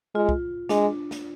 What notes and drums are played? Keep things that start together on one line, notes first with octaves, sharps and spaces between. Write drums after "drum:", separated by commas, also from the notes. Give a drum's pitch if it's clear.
G#3 F4
drum: kick
G#3 D4, drum: snare
drum: snare